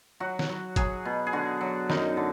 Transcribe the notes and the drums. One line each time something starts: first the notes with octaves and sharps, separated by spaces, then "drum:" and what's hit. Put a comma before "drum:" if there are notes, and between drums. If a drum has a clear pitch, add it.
F#3 F#4
drum: snare
F#3
F#3 G#4, drum: kick, hi-hat
B2
G#4
D3 F#4
F#3
F#2 D#4, drum: snare
D3